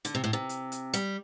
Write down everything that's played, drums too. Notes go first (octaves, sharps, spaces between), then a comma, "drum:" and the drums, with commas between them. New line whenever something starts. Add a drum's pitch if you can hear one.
D3, drum: hi-hat
C3
A2
C3
drum: hi-hat
drum: hi-hat
G3, drum: hi-hat